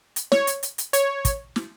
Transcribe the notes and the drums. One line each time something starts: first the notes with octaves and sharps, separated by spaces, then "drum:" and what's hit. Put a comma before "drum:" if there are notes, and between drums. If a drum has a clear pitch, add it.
drum: hi-hat
C#5, drum: snare
drum: hi-hat
drum: hi-hat
drum: hi-hat
C#5, drum: hi-hat
drum: kick, hi-hat
drum: snare